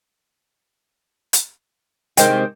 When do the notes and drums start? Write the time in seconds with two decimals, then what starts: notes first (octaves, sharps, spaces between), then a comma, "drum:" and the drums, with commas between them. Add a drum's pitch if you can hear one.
1.33 drum: hi-hat
2.17 C3 D#3 G#3 C5 G5, drum: hi-hat